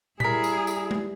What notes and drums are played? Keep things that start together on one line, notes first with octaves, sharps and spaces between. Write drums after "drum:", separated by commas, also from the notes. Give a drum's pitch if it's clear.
G3 E4 G#4 A#4 B6, drum: tom A#2
drum: tambourine
drum: tambourine
drum: tom